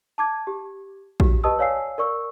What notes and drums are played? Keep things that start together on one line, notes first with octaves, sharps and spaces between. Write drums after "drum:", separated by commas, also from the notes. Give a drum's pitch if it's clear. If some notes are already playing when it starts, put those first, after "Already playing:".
A5 D6 G#6
G4
F#4 G4, drum: kick A#1
G4 B4 D#5 A5 D#6 E6
C#5 D5 F5 G#5 E6 C7
A#4 D5 C#6 E6